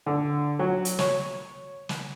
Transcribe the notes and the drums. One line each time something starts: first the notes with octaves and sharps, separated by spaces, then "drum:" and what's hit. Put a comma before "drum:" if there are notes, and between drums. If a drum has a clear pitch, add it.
D3
F#3
drum: hi-hat
C#5, drum: snare
drum: snare